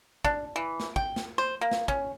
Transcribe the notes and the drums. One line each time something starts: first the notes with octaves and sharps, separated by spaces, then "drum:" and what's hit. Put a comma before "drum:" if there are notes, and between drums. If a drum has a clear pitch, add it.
D4, drum: kick
E3
drum: snare
G5, drum: kick
drum: snare
C5
A#3
drum: snare
C#4, drum: kick